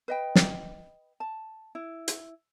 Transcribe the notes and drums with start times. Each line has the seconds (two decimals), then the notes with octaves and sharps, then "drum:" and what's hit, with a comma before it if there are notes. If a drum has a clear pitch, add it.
0.08 B4 D#5 G5
0.35 drum: snare
1.20 A5
1.75 E4
2.08 drum: hi-hat